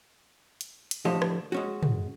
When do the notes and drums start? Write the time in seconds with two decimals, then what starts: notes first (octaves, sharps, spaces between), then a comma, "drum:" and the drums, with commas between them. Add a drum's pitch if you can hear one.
0.61 drum: hi-hat
0.91 drum: hi-hat
1.05 A2 D3 F3 G4 A4 D#5
1.22 drum: rim click
1.52 G#3 C#4 F#4
1.83 drum: tom